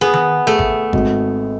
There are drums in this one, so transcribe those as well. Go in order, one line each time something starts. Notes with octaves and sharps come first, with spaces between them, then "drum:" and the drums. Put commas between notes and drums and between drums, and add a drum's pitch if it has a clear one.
B3 G#4
drum: tom D#3
A3 G#4
drum: kick
G#1, drum: kick